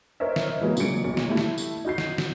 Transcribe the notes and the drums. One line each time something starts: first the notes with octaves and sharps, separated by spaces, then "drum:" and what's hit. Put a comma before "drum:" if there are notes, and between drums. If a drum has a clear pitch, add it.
A#4 C5 C#5 D#5 E5
drum: snare
E3 F#3 G#3 A#3
A#2 C#3 F#3 G#3 C#7 D7, drum: tambourine
B1 A#2
drum: snare
G3 A3 E4
drum: snare
drum: tambourine
D#4 F#4 G6 C7
drum: snare
drum: snare